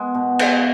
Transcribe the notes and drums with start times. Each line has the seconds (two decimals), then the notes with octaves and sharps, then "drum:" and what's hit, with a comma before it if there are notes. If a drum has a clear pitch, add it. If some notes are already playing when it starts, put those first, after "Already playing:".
Already playing: G#3 B3
0.15 B2
0.39 G#3 B3, drum: cymbal